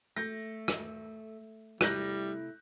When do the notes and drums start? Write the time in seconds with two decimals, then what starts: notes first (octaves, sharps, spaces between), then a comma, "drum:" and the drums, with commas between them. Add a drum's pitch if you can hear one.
0.16 A3 G6 A#6
0.68 drum: rim click
1.81 C3 G3 A3 E4 F#6 G6 A#6, drum: rim click